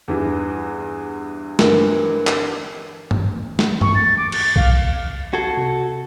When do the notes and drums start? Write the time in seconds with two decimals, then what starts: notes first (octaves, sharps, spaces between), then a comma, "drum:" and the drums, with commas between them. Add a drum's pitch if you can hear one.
0.08 E2 G2 E3
1.59 G2 D3 E3 A#4, drum: snare
2.27 drum: clap
3.11 drum: tom
3.59 drum: snare
3.81 C#6, drum: tom
3.94 A6
4.17 D6
4.32 A6, drum: cymbal
4.56 F5, drum: kick B1
5.33 F#4 A4 G#6 C7 C#7
5.57 C3